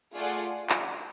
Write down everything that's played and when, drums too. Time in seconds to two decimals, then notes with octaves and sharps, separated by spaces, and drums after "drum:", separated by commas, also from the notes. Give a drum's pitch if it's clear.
0.15 A3 F4 G#4 D5 F#5
0.70 drum: clap